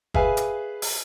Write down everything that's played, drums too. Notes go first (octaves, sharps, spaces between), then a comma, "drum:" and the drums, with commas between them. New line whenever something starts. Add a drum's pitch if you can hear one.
G#4 B4 E5 F5 G#5, drum: kick
drum: hi-hat
drum: open hi-hat